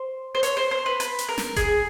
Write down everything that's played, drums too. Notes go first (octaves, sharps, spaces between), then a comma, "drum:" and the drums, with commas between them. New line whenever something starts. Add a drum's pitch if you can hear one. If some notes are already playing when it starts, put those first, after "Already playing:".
Already playing: C5
C5
C#5, drum: hi-hat
C5
C5
B4
B4, drum: hi-hat
drum: hi-hat
A#4
drum: snare
G#4, drum: kick F1, hi-hat